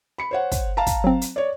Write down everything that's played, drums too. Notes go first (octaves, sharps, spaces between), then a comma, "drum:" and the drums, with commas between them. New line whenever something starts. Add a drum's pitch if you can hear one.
B5 C#7
C5 C#5 F#5
drum: kick, hi-hat
F5 A5 A#5
drum: kick, hi-hat
F#3 C4
drum: hi-hat
C#5 D5